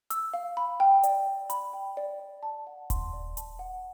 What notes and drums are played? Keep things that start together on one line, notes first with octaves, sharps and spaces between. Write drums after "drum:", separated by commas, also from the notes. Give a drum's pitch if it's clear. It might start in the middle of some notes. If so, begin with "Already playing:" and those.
E6, drum: hi-hat
F5
B5
G5
D5, drum: hi-hat
D5
B5, drum: hi-hat
G5
D5
D5
A5
F#5
C6, drum: kick D#1, hi-hat
D5
A5, drum: hi-hat
F#5